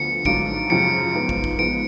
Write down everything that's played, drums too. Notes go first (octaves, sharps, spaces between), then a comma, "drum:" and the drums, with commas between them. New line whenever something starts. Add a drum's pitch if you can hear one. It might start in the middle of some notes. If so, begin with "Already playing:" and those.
Already playing: D2 D3 F3 B3 C#7
G#2 F#3 A3 D4 F4 D7, drum: kick
F#2 C#3 F3 C#7
G#2 F3 B3
drum: kick
drum: kick
G#2 F3 G#3 B3 D7